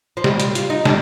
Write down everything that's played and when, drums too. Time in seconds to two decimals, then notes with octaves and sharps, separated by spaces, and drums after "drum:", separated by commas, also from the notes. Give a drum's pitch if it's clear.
0.17 F3
0.24 G3, drum: snare
0.40 drum: hi-hat
0.55 F4, drum: hi-hat
0.70 D#4
0.85 D4, drum: snare